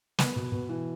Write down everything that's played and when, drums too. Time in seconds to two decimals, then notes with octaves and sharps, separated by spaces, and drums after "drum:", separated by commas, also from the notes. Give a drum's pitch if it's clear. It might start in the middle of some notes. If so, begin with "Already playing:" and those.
0.19 B3, drum: snare
0.36 B2
0.52 B2
0.69 E3